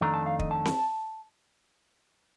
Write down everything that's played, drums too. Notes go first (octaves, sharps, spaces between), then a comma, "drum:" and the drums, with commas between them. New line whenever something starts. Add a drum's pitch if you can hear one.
F2 D#3 A3 D4 A#5
A5
F5
D#5, drum: kick
A5
drum: snare C4